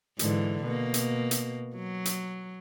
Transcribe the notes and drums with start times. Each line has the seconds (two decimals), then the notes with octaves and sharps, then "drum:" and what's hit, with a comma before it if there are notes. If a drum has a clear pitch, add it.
0.19 G#2 D3 E3, drum: hi-hat
0.63 B2 A#3
0.94 drum: hi-hat
1.31 drum: hi-hat
1.75 F#3
2.05 drum: hi-hat